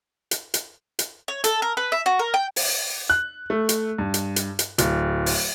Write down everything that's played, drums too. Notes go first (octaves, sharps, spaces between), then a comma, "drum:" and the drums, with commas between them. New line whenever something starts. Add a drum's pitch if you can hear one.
drum: hi-hat
drum: hi-hat
drum: hi-hat
C#5
A4, drum: hi-hat
A#4
B4
E5
F#4
A#4
G5
drum: open hi-hat
F#6
A3
drum: hi-hat
G2
drum: hi-hat
drum: hi-hat
drum: hi-hat
D1, drum: hi-hat
drum: open hi-hat